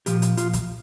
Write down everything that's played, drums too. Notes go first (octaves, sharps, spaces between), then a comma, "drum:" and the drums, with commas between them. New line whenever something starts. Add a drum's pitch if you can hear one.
A#2 F3 G4, drum: hi-hat
drum: hi-hat
F4, drum: hi-hat
drum: kick, hi-hat